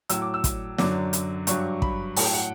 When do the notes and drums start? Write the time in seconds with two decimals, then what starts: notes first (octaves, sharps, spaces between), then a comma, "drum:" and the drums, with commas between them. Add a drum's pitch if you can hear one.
0.09 A2 F#3 E6, drum: hi-hat
0.22 D6
0.34 E6
0.44 drum: kick, hi-hat
0.78 F#2 D3 F#3 D6, drum: snare
1.13 drum: hi-hat
1.47 G2 F#3 C#6, drum: hi-hat
1.82 B5, drum: kick
2.16 A2 F#3 A5, drum: open hi-hat
2.25 G5
2.33 F#5